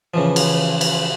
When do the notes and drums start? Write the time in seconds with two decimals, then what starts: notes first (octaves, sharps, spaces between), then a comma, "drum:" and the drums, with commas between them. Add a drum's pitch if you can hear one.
0.14 C#3 E3 F3
0.36 drum: cymbal
0.81 drum: cymbal